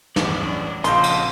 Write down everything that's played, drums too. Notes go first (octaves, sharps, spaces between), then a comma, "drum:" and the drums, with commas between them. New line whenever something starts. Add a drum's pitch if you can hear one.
A1 E2 G2 C#4 D5, drum: snare
A#1 C#3 C4 D#5 F5 A5 C6 G6, drum: hi-hat
drum: cymbal